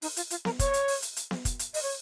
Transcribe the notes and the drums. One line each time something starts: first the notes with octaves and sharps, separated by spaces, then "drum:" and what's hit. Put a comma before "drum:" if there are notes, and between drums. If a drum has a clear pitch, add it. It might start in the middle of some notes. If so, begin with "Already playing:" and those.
D#4, drum: open hi-hat
F4, drum: hi-hat
F4, drum: hi-hat
A#4, drum: snare B3
C#5, drum: kick, hi-hat
drum: hi-hat
drum: open hi-hat
drum: hi-hat
drum: hi-hat
drum: snare B3
drum: kick, hi-hat
drum: hi-hat
D#5, drum: open hi-hat
C#5